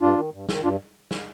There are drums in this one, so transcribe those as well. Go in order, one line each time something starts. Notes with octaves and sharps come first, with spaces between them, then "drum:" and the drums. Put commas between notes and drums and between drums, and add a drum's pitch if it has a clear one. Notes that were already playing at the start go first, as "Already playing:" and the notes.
G2 D4 F4
D#3
G2
D#3, drum: snare
G2 D4 F4
drum: snare